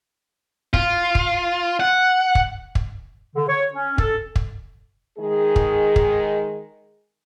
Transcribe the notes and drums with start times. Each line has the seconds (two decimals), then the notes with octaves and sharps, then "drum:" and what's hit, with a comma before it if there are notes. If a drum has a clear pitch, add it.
0.74 F4, drum: kick
1.15 drum: kick
1.80 F#5
2.35 drum: kick
2.75 drum: kick
3.35 D3
3.49 C#5
3.73 C#4
3.98 A4, drum: kick
4.36 drum: kick
5.18 D#3 G#3 G#4
5.56 drum: kick
5.96 drum: kick